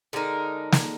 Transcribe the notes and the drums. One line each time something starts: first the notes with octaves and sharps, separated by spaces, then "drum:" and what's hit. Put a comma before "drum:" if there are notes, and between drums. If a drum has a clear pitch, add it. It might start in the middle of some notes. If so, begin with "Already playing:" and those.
D3 G#3 D#4 A#4
drum: snare